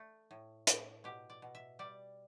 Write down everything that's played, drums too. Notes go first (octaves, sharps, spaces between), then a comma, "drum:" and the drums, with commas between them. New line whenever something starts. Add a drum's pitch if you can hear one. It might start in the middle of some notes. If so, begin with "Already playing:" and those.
Already playing: A3
A2
A2, drum: hi-hat
B2 G4
D5
B2
E5
G3 D5